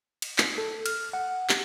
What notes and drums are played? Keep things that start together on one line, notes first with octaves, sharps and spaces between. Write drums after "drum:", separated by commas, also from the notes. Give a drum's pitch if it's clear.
drum: cymbal
drum: clap
A4
F6, drum: cymbal
F#5
G4, drum: clap